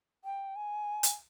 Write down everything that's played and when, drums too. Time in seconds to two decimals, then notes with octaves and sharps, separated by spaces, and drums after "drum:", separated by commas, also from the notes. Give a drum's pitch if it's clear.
0.25 G5
0.56 G#5
1.03 drum: hi-hat